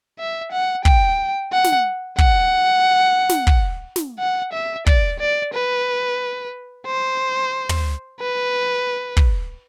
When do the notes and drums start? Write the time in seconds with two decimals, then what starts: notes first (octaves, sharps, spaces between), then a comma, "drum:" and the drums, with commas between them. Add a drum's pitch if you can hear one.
0.19 E5
0.52 F#5
0.85 G5, drum: kick
1.52 F#5
1.64 drum: snare
2.18 F#5, drum: kick
3.29 drum: snare
3.47 drum: kick
3.96 drum: snare
4.19 F#5
4.53 E5
4.86 D5, drum: kick
5.20 D5
5.53 B4
6.86 C5
7.69 drum: tom
8.20 B4
9.17 drum: kick